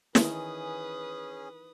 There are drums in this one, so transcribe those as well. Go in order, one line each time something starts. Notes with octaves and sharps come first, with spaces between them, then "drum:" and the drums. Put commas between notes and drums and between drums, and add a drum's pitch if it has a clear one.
D#3 E3 C#4 G#4 B4 D#6, drum: snare